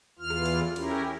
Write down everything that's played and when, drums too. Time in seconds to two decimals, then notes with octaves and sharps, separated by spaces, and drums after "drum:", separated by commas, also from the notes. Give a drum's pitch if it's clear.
0.19 E2 E3 F4 F6
0.30 drum: rim click
0.46 drum: cymbal
0.61 drum: rim click
0.76 C#4 E4 G4 A#4, drum: cymbal
0.91 drum: rim click